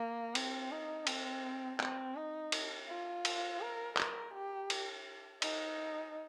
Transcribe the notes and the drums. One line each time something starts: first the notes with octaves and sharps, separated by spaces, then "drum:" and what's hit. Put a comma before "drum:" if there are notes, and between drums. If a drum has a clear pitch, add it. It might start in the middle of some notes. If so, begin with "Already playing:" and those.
Already playing: A#3
C4, drum: cymbal
D#4
C4, drum: cymbal
C4, drum: clap
D#4
drum: cymbal
F4
drum: cymbal
A#4
A#4, drum: clap
G4
drum: cymbal
D#4, drum: cymbal